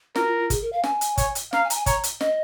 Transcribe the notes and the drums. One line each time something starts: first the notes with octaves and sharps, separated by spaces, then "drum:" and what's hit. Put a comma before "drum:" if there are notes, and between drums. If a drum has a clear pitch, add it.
F4 A#4, drum: snare
F#4
F4
F4
G#4, drum: kick, hi-hat
A#4
F5
G#5, drum: snare
drum: hi-hat
C#5, drum: kick, hi-hat
drum: hi-hat
F5 A#5, drum: snare
G#5
A#5, drum: hi-hat
G#5
C#5 A#5, drum: kick, hi-hat
drum: hi-hat
D#5, drum: snare